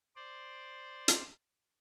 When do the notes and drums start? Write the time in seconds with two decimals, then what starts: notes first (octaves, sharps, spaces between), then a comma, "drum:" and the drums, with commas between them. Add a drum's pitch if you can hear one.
0.16 C5 D5
1.08 drum: hi-hat